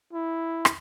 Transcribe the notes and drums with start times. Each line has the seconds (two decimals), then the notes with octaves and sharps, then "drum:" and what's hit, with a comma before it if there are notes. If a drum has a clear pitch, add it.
0.13 E4
0.65 drum: rim click